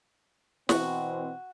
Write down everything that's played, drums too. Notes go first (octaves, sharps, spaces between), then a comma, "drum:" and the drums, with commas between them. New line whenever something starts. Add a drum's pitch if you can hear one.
B2 E3 C4 F#4, drum: snare